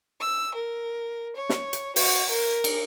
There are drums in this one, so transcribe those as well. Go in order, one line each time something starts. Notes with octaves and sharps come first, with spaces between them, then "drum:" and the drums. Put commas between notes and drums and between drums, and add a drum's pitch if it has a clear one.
E6
A#4
C#5
drum: snare
drum: hi-hat
F#4, drum: open hi-hat
A#4
drum: cymbal